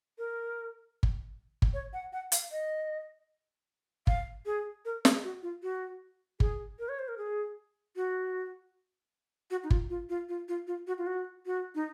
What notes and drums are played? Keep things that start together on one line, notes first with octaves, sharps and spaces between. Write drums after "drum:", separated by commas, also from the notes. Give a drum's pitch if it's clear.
A#4
drum: kick G1
drum: kick G1
C#5
F#5
F#5
F5, drum: hi-hat
D#5
F5, drum: kick G1
G#4
A#4
G#4, drum: snare
F#4
F4
F#4
G#4, drum: kick G1
A#4
C#5
C5
A#4
G#4
F#4
F#4
D#4
F4, drum: kick G1
F4
F4
F4
F4
F4
F#4
F4
F#4
F#4
D#4